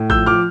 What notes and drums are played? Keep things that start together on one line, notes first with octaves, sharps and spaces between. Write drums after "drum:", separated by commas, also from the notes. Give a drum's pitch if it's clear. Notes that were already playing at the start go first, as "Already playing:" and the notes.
Already playing: A2
F3 E6 G6, drum: kick A1
F3 D6 F6